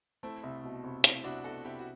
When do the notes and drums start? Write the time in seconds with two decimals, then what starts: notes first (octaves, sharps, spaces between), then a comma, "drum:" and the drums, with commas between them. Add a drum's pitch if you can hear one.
0.23 A3 C4 E4
0.43 C2
0.64 B2
0.84 C2
1.04 A3 C4 E4, drum: hi-hat
1.24 C2 D4 F#4
1.44 B2 F#4 A4
1.64 C2 E4 G4
1.79 F#4